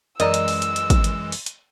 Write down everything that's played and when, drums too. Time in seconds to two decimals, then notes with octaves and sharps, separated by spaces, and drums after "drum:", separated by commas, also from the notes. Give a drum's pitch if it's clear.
0.20 F#2 E3 G#3 A#4 D5 D#5 A#5 E6, drum: hi-hat
0.34 drum: hi-hat
0.48 drum: open hi-hat
0.62 drum: hi-hat
0.76 drum: hi-hat
0.90 drum: kick, hi-hat
1.04 drum: hi-hat
1.32 drum: open hi-hat
1.46 drum: hi-hat